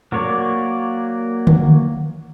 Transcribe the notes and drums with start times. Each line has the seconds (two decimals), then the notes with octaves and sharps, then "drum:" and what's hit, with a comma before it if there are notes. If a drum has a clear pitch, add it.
0.12 F#3 A#3 C#5 D5
1.47 drum: tom D3